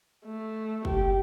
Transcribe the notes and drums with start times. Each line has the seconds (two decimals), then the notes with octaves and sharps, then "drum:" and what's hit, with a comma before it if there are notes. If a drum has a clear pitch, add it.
0.25 A3
0.85 G4, drum: kick